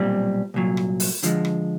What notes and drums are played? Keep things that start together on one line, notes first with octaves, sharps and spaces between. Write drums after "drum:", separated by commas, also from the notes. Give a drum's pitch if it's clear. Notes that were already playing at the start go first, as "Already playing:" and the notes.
Already playing: B1 A#2 G3 C4
C2 A#2 F#3
drum: rim click
drum: open hi-hat
D3 F3 G#3, drum: hi-hat
drum: rim click